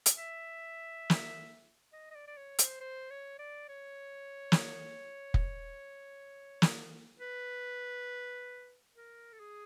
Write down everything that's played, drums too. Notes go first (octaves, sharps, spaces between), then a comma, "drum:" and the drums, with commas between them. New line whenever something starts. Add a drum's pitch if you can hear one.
drum: hi-hat
E5
drum: snare
D#5
D#5
D5
D5
C#5
C5, drum: hi-hat
C5
C#5
D5
C#5
drum: snare
drum: kick F1
drum: snare
B4
A#4
A4
G#4